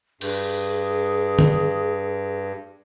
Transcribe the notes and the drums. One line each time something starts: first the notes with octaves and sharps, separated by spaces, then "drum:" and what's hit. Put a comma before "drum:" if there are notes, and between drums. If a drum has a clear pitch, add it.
G2 G#4, drum: cymbal
drum: tom D3